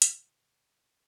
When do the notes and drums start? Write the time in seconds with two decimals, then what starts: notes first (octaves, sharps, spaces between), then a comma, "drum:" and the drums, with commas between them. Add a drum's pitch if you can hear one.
0.02 A1 C#3, drum: hi-hat